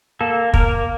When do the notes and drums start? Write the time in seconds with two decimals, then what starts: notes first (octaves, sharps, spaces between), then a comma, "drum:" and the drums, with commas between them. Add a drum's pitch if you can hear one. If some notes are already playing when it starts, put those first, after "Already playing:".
0.21 A#3 A4
0.54 A#3 A#4, drum: kick